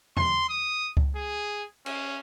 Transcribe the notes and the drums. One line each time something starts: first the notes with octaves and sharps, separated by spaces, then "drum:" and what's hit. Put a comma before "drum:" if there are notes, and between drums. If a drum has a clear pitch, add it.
C6, drum: tom
D#6
drum: kick C#2
G#4
C#4, drum: cymbal